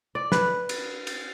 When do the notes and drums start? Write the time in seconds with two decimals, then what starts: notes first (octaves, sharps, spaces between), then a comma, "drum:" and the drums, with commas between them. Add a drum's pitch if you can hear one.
0.15 D5
0.32 B4, drum: snare
0.69 drum: cymbal
1.07 drum: cymbal